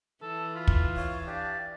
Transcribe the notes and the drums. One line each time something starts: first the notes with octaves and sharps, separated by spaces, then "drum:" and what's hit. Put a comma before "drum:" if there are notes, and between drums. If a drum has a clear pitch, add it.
E3 A4
F4 B5
drum: kick
C#5 F5
D4 G4 D5